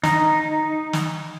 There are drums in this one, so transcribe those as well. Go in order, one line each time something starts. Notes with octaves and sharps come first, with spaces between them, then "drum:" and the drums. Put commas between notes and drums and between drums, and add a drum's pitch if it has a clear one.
D#4, drum: snare
drum: snare